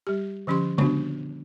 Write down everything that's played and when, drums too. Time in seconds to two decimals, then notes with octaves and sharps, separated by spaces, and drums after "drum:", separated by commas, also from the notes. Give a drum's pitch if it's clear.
0.07 G3 G4
0.47 D3 F3 C#4 G4 C6
0.78 D3 B3 D4 F#4, drum: tom C#3